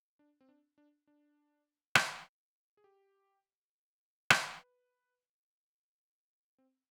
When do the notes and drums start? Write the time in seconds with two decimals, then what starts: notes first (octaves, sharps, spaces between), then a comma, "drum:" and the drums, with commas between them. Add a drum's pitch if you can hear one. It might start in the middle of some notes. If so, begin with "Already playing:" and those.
0.19 D4
0.41 C4
0.49 D4
0.78 D4
1.07 D4
1.95 drum: rim click
2.77 G#4
2.84 G4
4.30 drum: rim click
4.59 B4
6.58 C4